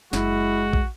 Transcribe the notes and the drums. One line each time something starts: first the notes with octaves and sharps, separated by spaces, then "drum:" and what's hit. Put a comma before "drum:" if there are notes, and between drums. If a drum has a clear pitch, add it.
F#1 G#3 E4 F#4, drum: snare
drum: kick A#1